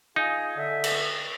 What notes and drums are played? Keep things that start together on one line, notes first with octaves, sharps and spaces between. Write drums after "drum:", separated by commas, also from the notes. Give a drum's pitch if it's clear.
D#4 F4 G#4 G#5
D3 E5
drum: cymbal